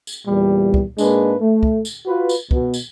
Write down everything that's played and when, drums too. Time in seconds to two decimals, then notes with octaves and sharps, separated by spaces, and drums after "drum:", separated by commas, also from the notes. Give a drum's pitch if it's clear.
0.07 drum: tambourine
0.27 E2 A#2 G3
0.74 drum: kick
0.98 G#2 G#3 A#3 D4 B4, drum: tambourine
1.40 A3
1.63 drum: kick
1.85 drum: tambourine
2.06 F4 F#4 B4
2.29 drum: tambourine
2.51 B2, drum: kick
2.74 drum: tambourine